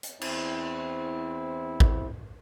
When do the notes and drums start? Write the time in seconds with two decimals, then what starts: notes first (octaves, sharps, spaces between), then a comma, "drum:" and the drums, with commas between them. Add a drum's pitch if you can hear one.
0.03 drum: hi-hat
0.21 E2 C4 E4 C5, drum: cymbal
1.80 drum: kick